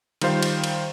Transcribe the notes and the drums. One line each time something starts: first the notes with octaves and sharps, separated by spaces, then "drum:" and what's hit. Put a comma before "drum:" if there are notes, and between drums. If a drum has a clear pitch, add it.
D#3 G3 F4 C5 F5, drum: cymbal
drum: cymbal
drum: cymbal